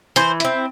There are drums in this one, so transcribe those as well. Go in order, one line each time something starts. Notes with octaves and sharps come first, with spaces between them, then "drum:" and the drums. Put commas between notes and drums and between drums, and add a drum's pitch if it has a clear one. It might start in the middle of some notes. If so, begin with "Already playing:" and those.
E3 C5, drum: hi-hat
C4 E4, drum: hi-hat